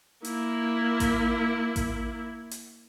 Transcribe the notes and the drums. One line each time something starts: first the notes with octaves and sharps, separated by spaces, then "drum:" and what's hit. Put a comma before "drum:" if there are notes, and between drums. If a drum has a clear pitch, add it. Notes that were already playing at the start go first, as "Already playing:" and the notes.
A#3 E4, drum: hi-hat
drum: kick A1, hi-hat
drum: kick A1, hi-hat
drum: hi-hat